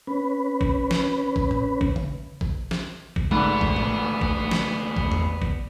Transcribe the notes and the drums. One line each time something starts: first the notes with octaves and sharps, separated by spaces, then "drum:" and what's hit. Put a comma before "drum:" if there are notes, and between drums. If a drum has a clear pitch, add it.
C#4 B4
drum: kick
drum: snare
drum: kick
drum: tom A2
drum: kick
drum: tom
drum: kick
drum: snare
drum: kick
D#2 G#2 A3 B3 B4 D5, drum: tom
drum: kick
drum: tom A2
drum: kick
drum: snare
drum: kick
drum: tom E2
drum: kick